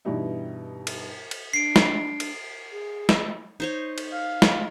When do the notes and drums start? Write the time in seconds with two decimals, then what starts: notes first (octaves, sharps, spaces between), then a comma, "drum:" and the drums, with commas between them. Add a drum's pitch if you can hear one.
0.05 G2 B2 E3 G3 D#4 E4
0.87 drum: cymbal
1.31 drum: cymbal
1.53 D4 C7 D7
1.76 drum: snare
2.20 drum: cymbal
2.72 G#4
3.09 drum: snare
3.60 D#4 C5 C#5
3.98 drum: cymbal
4.11 F5
4.42 drum: snare